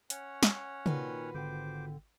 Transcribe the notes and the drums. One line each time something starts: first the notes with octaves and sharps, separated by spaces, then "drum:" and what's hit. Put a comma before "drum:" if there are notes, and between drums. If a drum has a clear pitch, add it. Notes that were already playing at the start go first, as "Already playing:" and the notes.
C#4 C#5 F#5, drum: hi-hat
drum: snare
A#2 D#3 F4 F#4 B4, drum: tom
G#1 D3 C5 G5 D6